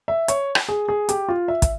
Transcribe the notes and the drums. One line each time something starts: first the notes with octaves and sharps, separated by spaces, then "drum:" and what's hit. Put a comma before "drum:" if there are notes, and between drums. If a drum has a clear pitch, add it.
E5
C#5, drum: hi-hat
drum: rim click
G#4
G#4
G4, drum: hi-hat
F4
E5
drum: kick, hi-hat